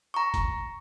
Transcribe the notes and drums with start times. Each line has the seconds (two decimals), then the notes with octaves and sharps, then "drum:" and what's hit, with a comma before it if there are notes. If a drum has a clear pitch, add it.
0.14 A#5 C#6
0.34 drum: kick, hi-hat